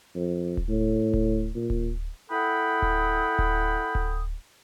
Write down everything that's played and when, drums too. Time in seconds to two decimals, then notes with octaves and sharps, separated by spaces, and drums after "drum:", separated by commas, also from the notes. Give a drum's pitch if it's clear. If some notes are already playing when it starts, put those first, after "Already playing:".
0.15 F2
0.57 drum: kick D1
0.69 A2
1.14 drum: kick D1
1.55 A#2
1.70 drum: kick D1
2.31 E4 A4 F#5 G5 B5 D#6
2.82 drum: kick D1
3.39 drum: kick D1
3.95 drum: kick D1